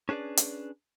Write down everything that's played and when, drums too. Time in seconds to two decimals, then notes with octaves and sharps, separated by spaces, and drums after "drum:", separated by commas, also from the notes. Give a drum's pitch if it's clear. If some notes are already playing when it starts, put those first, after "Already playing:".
0.09 C#4 D4 G#4 B4 D5
0.37 drum: hi-hat